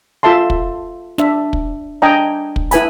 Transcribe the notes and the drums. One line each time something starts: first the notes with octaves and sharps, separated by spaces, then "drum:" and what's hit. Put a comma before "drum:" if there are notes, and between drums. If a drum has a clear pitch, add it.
F4 A4 E5 A5 C6
drum: kick
D4 E5, drum: snare
drum: kick
D4 D#5 G5 G#5 A#5
drum: kick
E4 B4 G#5 B5, drum: hi-hat